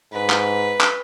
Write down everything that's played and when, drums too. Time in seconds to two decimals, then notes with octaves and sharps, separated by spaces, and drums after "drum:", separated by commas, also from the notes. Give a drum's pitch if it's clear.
0.13 G#2 B4
0.30 drum: clap
0.81 drum: clap